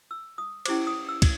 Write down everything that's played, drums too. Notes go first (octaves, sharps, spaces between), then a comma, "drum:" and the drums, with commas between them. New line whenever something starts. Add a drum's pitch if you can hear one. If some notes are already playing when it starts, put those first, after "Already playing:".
E6
D#6
C#4 E4 G4 C5 D6, drum: cymbal
D#6
E6
drum: kick, cymbal